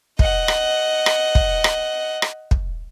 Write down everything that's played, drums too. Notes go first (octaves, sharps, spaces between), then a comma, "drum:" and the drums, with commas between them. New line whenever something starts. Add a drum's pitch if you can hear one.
D#5 F#5, drum: kick
drum: rim click
drum: rim click
drum: kick
drum: rim click
drum: rim click
drum: kick